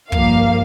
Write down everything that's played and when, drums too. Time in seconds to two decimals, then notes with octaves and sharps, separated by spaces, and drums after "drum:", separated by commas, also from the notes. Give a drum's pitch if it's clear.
0.12 G2 F3 A#3 F5, drum: kick